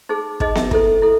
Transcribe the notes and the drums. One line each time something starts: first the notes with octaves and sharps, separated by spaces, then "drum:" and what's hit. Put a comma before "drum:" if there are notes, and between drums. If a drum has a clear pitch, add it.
D#4 G#4 C5
D#4 G#4 C5 D#5, drum: kick
E5, drum: snare B3
E4 A4 C5, drum: kick
E4 A4